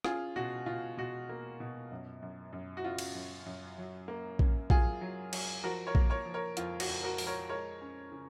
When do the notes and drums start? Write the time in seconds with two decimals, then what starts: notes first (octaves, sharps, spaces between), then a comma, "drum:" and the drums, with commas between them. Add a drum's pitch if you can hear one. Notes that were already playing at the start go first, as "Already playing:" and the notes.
0.04 C#4 F4 G#4, drum: rim click
0.36 B2 F#4
0.66 B2 F4
0.97 B2 F#4
1.29 A#3
1.60 B2
1.91 F#2
2.22 F#2
2.53 F#2
2.77 F#4
2.84 C#3 F4
2.99 drum: cymbal
3.15 F#2
3.46 F#2
3.78 F#3
4.08 A#3
4.39 C#4, drum: kick A#1
4.70 F#3 F4 G#4, drum: kick A#1
5.01 F#3
5.33 F#3, drum: cymbal
5.63 F3 F#4 A#4
5.87 A#4 C#5
5.95 A#3, drum: kick A#1
6.10 A#4 C#5
6.26 F3
6.34 A#4 C#5
6.57 F2 F4, drum: hi-hat
6.80 F#4, drum: cymbal
6.89 F2
7.03 F#4 A#4
7.18 F3, drum: open hi-hat
7.27 A#4 C#5
7.49 G#3 A#4 C#5
7.81 C#4
8.12 C#3